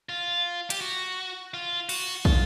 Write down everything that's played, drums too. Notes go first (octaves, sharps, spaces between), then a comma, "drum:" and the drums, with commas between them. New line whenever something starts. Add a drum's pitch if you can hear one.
F4
G4, drum: hi-hat
F#4
F4
F#4, drum: cymbal
F4, drum: kick